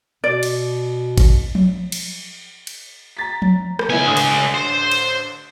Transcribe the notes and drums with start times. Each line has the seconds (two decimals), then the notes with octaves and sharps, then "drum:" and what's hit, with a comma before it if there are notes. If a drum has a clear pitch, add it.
0.24 B2 D5
0.43 drum: cymbal
1.18 drum: kick, cymbal
1.55 drum: tom F3
1.92 drum: cymbal
2.67 drum: cymbal
3.17 A#5 A6 B6
3.42 drum: tom F3
3.79 drum: rim click
3.89 C#2 B3 E4 G#5
4.06 A1 D3 D#6
4.17 drum: cymbal
4.54 C5
4.91 drum: cymbal